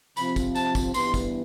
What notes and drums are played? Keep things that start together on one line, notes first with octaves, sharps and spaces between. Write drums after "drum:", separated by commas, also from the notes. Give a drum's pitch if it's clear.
C3 F3 C4 B5, drum: tambourine
drum: kick, tambourine
A5, drum: tambourine
drum: kick, tambourine
G2 E3 G3 B3 C6, drum: tambourine
drum: kick, tambourine